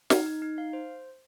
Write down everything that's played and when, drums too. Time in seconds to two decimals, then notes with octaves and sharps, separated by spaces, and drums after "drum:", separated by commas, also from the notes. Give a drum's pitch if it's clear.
0.10 D#4, drum: snare
0.26 D#4
0.42 D#4
0.58 F5
0.73 C5